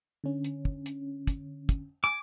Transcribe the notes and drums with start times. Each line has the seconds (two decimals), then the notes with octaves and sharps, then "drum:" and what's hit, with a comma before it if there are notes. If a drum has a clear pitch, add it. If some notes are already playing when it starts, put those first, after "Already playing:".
0.24 D3 C#4
0.44 drum: hi-hat
0.65 drum: kick
0.86 drum: hi-hat
1.27 drum: kick, hi-hat
1.69 drum: kick, hi-hat
2.04 G#5 D6